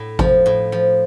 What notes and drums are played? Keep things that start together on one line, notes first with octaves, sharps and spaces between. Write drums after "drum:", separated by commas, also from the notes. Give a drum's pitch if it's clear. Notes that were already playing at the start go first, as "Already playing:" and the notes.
Already playing: A2
F3, drum: kick G#1
A2
F3